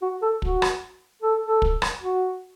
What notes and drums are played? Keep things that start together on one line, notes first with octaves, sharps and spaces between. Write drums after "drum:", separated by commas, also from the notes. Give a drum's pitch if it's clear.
F#4
A4
F#4, drum: kick
drum: rim click
A4
A4
drum: kick
drum: rim click
F#4